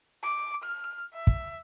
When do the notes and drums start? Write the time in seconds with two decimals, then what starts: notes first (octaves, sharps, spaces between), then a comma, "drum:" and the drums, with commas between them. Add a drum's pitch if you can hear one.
0.23 D6
0.63 F6
1.13 E5
1.27 drum: kick